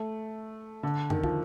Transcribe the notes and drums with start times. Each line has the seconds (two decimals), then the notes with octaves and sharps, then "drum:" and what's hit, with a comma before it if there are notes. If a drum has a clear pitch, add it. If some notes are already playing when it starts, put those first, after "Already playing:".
Already playing: A3
0.83 D3
1.10 D#3, drum: tom
1.24 F3, drum: kick